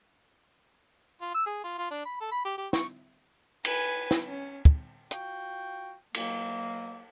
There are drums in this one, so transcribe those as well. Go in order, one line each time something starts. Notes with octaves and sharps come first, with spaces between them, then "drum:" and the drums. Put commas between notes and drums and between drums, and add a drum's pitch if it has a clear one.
F4
E6
G#4
F4
F4
D4
B5
A4
B5
G4
G4
C#6, drum: snare
B4 G#5, drum: cymbal
drum: snare
C#4
drum: kick
F4 F#4 G5, drum: hi-hat
B2 F#3 A#3, drum: cymbal